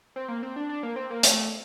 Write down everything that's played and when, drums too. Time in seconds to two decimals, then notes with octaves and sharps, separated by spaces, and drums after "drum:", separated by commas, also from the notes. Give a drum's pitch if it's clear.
0.16 C4
0.28 A#3
0.43 C4
0.56 D4
0.69 D4
0.83 A#3
0.96 C4
1.10 A#3
1.23 A3, drum: hi-hat